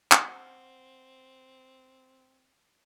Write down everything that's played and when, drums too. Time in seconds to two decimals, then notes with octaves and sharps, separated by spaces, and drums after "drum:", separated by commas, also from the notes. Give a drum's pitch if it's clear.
0.12 C4 F#5, drum: clap